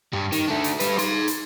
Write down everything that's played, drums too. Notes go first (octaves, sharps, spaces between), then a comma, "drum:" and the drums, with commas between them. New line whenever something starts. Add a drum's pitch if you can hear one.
G2 G3
D#3, drum: hi-hat
A3 D4
drum: hi-hat
G3 B4, drum: hi-hat
D#4 C6, drum: hi-hat
drum: hi-hat